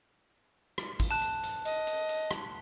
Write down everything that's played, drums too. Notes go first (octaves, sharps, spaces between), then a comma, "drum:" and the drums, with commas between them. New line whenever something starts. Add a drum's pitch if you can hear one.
drum: rim click
drum: kick, open hi-hat
A5 F#6
drum: hi-hat
drum: hi-hat
D#5, drum: hi-hat
drum: hi-hat
drum: hi-hat
drum: rim click